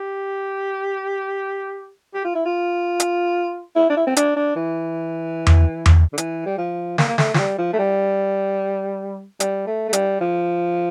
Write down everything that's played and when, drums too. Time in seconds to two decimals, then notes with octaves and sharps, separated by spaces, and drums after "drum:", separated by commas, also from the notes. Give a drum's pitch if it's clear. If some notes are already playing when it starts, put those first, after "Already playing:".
Already playing: G4
2.14 G4
2.24 F4
2.35 E4
2.45 F4
3.00 drum: hi-hat
3.76 E4
3.90 D4
3.97 E4
4.07 C4
4.16 D4, drum: hi-hat
4.36 D4
4.56 E3
5.47 drum: tom E2
5.86 drum: tom E2
6.13 D3
6.18 E3, drum: hi-hat
6.46 G3
6.58 F3
6.98 A#3, drum: snare
7.08 A#3
7.18 A3, drum: snare
7.34 F3, drum: snare
7.38 G3
7.58 F3
7.73 A3
7.79 G3
9.40 G3, drum: hi-hat
9.67 A3
9.88 A3
9.93 G3, drum: hi-hat
10.21 F3